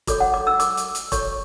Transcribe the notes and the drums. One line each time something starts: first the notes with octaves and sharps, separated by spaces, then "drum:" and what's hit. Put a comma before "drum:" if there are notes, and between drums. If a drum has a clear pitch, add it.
F#4 A4 C#5 D6, drum: kick E1, hi-hat
F#5
D6
E6
D6, drum: hi-hat
drum: hi-hat
drum: hi-hat
F#4 A4 C#5 C#6, drum: kick E1, hi-hat